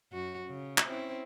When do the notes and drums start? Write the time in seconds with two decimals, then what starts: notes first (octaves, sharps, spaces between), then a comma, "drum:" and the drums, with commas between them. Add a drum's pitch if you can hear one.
0.12 F#2 F#4
0.47 C#3
0.78 drum: clap
0.87 C4 C#4 E4